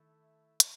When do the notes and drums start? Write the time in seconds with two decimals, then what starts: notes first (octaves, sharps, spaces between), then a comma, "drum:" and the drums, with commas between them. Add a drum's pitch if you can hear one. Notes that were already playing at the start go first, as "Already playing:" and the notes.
Already playing: D#3 A3 E4 A4 E5
0.60 drum: hi-hat